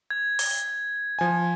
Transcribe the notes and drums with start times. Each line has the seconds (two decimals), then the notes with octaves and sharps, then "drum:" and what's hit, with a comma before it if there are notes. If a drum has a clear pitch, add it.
0.10 G#6
0.39 drum: open hi-hat
1.19 F3 G#5